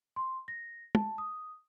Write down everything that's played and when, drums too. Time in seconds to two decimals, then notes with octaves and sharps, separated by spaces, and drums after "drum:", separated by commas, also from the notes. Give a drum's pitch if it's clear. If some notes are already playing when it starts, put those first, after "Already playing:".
0.16 C6
0.48 A#6
0.95 A5, drum: tom
1.18 D#6